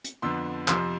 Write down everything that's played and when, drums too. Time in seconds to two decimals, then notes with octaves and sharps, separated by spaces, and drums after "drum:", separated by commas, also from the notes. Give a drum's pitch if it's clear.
0.04 drum: hi-hat
0.22 F2 D3 F3 B3 C6 E6
0.68 F2 C3 F3 C6 E6, drum: clap